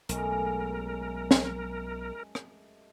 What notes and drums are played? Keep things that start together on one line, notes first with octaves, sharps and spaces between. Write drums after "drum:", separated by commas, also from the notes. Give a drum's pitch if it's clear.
B1 F#2 G#3 A3 A#4, drum: hi-hat
drum: snare
drum: rim click